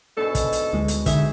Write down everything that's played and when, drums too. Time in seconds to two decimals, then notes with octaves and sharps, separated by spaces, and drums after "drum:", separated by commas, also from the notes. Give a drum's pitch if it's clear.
0.17 G#2 B2 D4 A4
0.35 drum: kick, hi-hat
0.53 drum: hi-hat
0.73 D2 G#3
0.88 drum: hi-hat
1.06 D3 D#4 G#4 E5, drum: kick, hi-hat